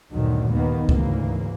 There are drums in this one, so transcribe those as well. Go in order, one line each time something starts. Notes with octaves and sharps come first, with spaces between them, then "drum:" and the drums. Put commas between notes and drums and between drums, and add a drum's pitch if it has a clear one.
G1 D2 A#2 D3 D#3 F#3
D#2 D#3 A#3 B3
D2 G#2 C#3 E3 A#3, drum: kick